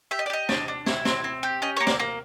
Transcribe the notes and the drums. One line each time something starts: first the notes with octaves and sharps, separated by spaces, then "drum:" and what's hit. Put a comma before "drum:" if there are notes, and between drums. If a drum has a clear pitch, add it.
G4 E5
D#5
D5
G4 D#5
D4, drum: snare
D4
E4, drum: snare
C4, drum: snare
C4
G4
C#4 D#5
A#3 C#5
D5, drum: snare
A#3